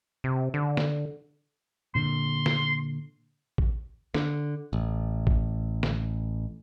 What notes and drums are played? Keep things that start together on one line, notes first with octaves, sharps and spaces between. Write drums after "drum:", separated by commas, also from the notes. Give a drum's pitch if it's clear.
C3
D3
drum: snare
A#2 D3 C6
drum: snare
drum: kick A1
D3, drum: snare
A1
drum: kick A1
drum: snare